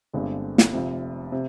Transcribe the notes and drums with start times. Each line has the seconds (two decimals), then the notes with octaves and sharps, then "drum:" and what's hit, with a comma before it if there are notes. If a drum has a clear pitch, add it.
0.13 G1 G2 D3 G#3 C4
0.58 drum: snare
0.73 F1 F2 C3
1.32 C3